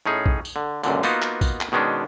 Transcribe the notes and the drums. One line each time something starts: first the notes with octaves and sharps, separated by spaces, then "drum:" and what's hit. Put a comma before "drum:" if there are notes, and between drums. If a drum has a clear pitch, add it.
A2 C#4 D#4 G#4
drum: kick A#1
drum: tambourine
D3
C#2 F#2 A#2 D3, drum: tambourine
A#3 B3 D#4 F4 F#4, drum: tambourine
drum: clap
drum: kick A#1, tambourine
drum: clap
B2 D#3 G#3 C#4 D4